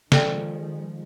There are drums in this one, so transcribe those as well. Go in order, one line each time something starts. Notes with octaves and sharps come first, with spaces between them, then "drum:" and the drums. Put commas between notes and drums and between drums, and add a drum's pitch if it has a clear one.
D#3 F3 G#3 A4 D5 G5, drum: snare